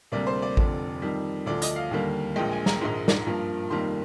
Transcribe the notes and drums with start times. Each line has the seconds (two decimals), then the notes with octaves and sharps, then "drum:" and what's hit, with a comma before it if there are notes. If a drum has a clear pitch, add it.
0.12 D2 C3 G3 A#3 D5
0.27 C5
0.42 D5
0.57 F1 F2 D3, drum: kick A1
1.02 F2 D#3 G3
1.46 D2 D3 F3 D5
1.62 D#5, drum: hi-hat
1.76 F5
1.91 D#2 D3 G3 A#3
2.36 A#1 A#2 G#3 G5
2.52 G#5
2.66 A#5, drum: snare
2.81 A#1 G#2 D#3 G#3
3.08 drum: snare
3.26 G2 F3 A#3
3.70 F1 F2 D#3 G3 A#3 C6